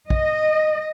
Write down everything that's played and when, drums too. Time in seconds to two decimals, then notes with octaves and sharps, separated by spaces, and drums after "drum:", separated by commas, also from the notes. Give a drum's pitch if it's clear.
0.10 D#5, drum: kick